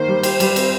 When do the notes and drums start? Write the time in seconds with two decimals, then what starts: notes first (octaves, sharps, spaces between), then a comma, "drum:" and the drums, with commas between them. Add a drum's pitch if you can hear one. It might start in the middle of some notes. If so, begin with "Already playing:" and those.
Already playing: D#3 A#3 C5
0.08 G3
0.23 G4, drum: cymbal
0.40 G3, drum: cymbal
0.56 C4, drum: cymbal